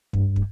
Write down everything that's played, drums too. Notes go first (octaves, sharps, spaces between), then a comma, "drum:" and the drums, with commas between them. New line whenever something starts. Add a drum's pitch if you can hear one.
G2, drum: kick
drum: kick